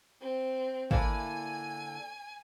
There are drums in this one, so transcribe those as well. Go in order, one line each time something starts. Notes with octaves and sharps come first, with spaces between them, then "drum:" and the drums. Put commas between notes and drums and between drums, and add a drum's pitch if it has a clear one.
C4
D3 A#3 E4 G#5, drum: kick